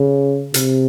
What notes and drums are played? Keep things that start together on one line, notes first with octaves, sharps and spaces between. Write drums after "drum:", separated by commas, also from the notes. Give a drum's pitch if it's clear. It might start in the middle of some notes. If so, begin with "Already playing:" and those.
Already playing: C#3
C3, drum: hi-hat